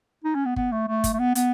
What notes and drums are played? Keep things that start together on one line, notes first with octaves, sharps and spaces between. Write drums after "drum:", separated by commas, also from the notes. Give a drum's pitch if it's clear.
D#4
C#4
B3
B3, drum: kick G1
A3
A3
drum: kick G1, hi-hat
A3
B3
B3, drum: hi-hat